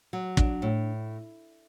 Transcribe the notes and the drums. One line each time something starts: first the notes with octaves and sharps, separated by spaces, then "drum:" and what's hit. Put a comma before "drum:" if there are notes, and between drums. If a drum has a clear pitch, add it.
F#3
D4, drum: kick
A2